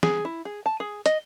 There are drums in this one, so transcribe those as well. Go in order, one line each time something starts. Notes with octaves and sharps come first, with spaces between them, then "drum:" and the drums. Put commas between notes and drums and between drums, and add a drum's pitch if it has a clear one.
G#4, drum: snare
E4
G#4
A5
G#4
D#5, drum: hi-hat